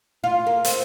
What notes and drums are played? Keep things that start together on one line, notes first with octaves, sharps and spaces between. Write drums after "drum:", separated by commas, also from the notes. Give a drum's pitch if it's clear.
F4
A#3
C4, drum: hi-hat